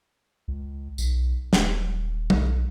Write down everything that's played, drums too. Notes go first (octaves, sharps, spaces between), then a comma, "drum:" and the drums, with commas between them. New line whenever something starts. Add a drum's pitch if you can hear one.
C#2
B1, drum: tambourine
D#1, drum: snare
B1, drum: tom